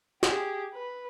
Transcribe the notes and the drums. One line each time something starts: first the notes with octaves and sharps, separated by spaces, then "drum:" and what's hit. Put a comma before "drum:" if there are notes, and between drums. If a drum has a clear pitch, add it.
G4 G#4, drum: snare
B4